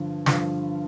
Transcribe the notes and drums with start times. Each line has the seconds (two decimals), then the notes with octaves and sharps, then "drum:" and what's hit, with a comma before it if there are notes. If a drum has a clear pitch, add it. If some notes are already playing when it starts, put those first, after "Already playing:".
Already playing: G2 D3 F3
0.26 G2 D3 F3, drum: snare